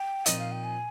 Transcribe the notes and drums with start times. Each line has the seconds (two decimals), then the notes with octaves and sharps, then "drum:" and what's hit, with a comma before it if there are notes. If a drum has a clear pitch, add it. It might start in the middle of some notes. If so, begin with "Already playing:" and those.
Already playing: G5
0.26 A#2 F3 C4 D#4 D#5, drum: hi-hat
0.39 F5
0.52 G5
0.64 G#5